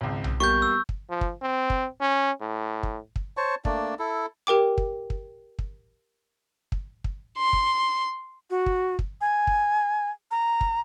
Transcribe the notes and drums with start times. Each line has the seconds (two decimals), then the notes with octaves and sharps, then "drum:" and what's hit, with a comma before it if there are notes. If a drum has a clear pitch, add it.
0.01 G#1 C#2
0.24 drum: tom B1
0.40 E2 G3 A#3 C#6 G6
0.62 E6
0.89 drum: kick
1.09 F3
1.21 drum: kick
1.42 C4
1.70 drum: kick
2.01 C#4
2.40 A2
2.83 drum: kick
3.16 drum: kick
3.37 C5 C#5 A5 C#6
3.65 A3 A#3 D4 D5, drum: kick
3.99 E4 A4
4.47 G4 A#4 G5 D6
4.78 drum: kick
5.10 drum: kick
5.59 drum: kick
6.72 drum: kick
7.04 drum: kick
7.38 C6
7.53 drum: kick
8.50 F#4
8.66 drum: kick
8.99 drum: kick
9.21 G#5
9.47 drum: kick
10.31 A#5
10.61 drum: kick